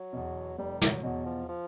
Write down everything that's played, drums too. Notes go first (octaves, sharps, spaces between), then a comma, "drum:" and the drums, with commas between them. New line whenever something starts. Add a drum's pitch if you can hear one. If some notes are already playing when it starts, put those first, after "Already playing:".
Already playing: F#3
E2 B2
F1 G3
F#3, drum: snare
E2 B2 F#3
F3
F3